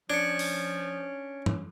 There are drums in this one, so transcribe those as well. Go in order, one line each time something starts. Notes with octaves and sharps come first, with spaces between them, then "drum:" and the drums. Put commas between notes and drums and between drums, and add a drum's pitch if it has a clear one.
F3 C#4 D4 G#6 C#7
drum: open hi-hat
drum: tom